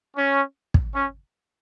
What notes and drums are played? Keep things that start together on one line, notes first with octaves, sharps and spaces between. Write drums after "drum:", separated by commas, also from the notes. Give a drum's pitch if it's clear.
C#4
drum: kick
C#4